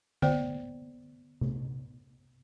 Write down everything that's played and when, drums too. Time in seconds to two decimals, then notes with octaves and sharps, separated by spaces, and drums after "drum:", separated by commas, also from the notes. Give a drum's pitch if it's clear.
0.22 B3 C5 D5 G5, drum: tom D3
1.41 drum: tom C3